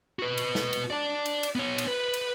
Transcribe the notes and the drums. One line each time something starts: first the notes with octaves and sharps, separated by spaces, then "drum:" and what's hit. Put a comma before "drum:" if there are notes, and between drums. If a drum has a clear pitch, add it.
F#4 B4
drum: cymbal
drum: snare
drum: cymbal
D5 A5
drum: cymbal
drum: cymbal
B3 C#5
drum: cymbal
B4
drum: cymbal